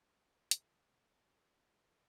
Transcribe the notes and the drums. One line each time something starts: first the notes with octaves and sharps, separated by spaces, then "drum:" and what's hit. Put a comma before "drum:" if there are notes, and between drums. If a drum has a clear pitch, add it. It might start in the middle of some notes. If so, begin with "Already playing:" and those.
E3 G#4 B4
A2
drum: hi-hat
G#2 B2 D3
C#4
C3 D#3 A#3 C4
D3 E3 F#3 A3 C4 C#4